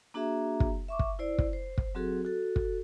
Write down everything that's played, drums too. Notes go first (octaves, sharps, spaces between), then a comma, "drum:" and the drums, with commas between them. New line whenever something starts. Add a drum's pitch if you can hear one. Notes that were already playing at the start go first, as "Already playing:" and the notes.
A#3 D4 F#4 G#4 E5 A#5
drum: kick
E5 C#6 D6
drum: kick
E4 C5 D5
drum: kick
C5
drum: kick
F#3 C4 F#4 G#4 A4
F#4 A4
drum: kick